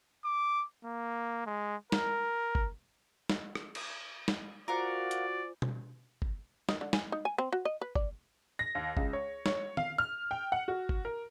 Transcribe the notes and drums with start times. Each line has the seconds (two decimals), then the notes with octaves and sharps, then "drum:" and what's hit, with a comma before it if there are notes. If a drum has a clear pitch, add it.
0.24 D6
0.84 A#3
1.46 G#3
1.92 A#4, drum: snare
2.55 drum: kick
3.30 drum: snare
3.55 drum: rim click
3.75 drum: cymbal
4.28 drum: snare
4.68 F4 F#4 A#4 C5 D5 F5 F#5 G#5
5.11 drum: hi-hat
5.62 drum: tom B2
6.22 drum: kick
6.69 D#3, drum: snare
6.81 D3
6.93 G#5, drum: snare
7.12 D#4
7.25 G#5
7.38 C4
7.53 F#4
7.65 D#5
7.81 B4
7.95 D5, drum: kick
8.59 A#6
8.75 D#2
8.97 C#2, drum: kick
9.13 C#5
9.46 C#5, drum: snare
9.77 F5, drum: tom D#3
9.98 F6
10.31 G5
10.52 F#5
10.68 F#4
10.89 drum: kick
11.05 A#4